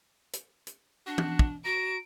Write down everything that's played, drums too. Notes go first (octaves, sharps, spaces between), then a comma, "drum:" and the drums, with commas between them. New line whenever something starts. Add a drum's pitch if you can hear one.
drum: hi-hat
drum: hi-hat
D4 F#4
drum: tom
drum: kick
F#4 A#5 D7